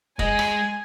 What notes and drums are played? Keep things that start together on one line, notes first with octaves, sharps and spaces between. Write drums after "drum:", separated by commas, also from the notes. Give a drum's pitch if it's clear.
G#3 D#5 G#5, drum: kick
drum: rim click